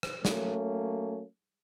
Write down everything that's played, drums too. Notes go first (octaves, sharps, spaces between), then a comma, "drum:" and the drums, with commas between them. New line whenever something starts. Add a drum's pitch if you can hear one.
drum: rim click
F#3 A3 A#3 C#4, drum: snare